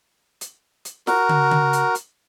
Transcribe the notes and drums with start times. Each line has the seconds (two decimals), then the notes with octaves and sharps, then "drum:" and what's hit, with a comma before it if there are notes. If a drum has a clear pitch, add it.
0.41 drum: hi-hat
0.85 drum: hi-hat
1.07 F#4 A#4, drum: snare
1.29 drum: tom
1.51 drum: tom
1.73 drum: hi-hat
1.95 drum: hi-hat